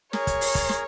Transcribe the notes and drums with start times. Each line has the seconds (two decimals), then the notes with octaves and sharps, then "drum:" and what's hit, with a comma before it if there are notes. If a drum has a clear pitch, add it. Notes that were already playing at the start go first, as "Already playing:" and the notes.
0.13 G#4 A#4 C#5, drum: snare
0.27 drum: kick, hi-hat
0.41 drum: open hi-hat
0.55 drum: kick, hi-hat
0.69 drum: snare